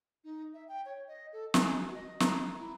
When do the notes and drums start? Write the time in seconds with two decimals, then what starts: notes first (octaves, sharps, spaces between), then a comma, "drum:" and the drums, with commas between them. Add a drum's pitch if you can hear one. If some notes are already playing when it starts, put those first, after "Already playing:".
0.24 D#4
0.54 E5
0.68 G5
0.86 C#5
1.08 D#5
1.33 A4
1.54 G#5, drum: snare
1.80 F#4
1.94 D#5
2.20 A#5, drum: snare
2.59 E4